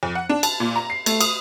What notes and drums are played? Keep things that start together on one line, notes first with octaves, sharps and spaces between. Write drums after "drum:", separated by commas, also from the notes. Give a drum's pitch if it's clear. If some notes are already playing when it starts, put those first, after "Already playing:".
F2
F#5
D4
A5, drum: cymbal
A#2
A#5
C7
A3, drum: cymbal
D#6, drum: cymbal